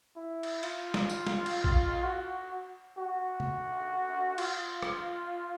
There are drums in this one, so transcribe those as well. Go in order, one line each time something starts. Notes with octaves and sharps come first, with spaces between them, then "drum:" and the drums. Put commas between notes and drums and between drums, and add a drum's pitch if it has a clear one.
E4
drum: cymbal
F4, drum: cymbal
drum: snare
drum: tambourine
drum: snare
drum: cymbal
drum: kick A#1
F#4
F#4
drum: tom
F4, drum: cymbal
drum: rim click